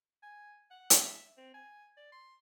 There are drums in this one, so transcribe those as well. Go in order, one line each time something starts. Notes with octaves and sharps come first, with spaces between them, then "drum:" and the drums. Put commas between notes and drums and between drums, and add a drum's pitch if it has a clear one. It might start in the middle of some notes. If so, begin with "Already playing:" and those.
G#5
F#5
drum: hi-hat
E5
C4
G#5
D5
C6